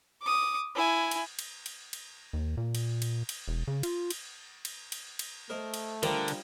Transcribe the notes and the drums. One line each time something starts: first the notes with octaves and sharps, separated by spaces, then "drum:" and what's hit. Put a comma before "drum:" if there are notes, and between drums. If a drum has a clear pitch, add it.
D6 D#6
E4 G#5
drum: cymbal
drum: cymbal
drum: cymbal
drum: cymbal
D#2
A#2
drum: cymbal
drum: cymbal
drum: cymbal
E1
C#3
F4, drum: cymbal
drum: cymbal
drum: cymbal
drum: cymbal
drum: cymbal
A3 A#4 C5 D#5
drum: cymbal
D3 F3 G3 D4 A#4, drum: cymbal
drum: cymbal